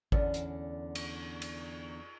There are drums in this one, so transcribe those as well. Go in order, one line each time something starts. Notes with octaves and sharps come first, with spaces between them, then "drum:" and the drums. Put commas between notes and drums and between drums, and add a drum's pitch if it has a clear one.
E2 D3 C#4 D4, drum: kick G#1
drum: hi-hat
drum: cymbal
drum: cymbal